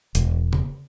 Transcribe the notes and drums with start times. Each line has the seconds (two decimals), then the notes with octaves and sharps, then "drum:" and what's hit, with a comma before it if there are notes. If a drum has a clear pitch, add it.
0.15 E1, drum: hi-hat
0.53 drum: tom C#3